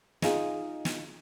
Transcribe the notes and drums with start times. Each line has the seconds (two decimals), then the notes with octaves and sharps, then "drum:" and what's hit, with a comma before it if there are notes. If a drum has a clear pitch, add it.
0.22 D#4 F4 G#4, drum: snare
0.85 drum: snare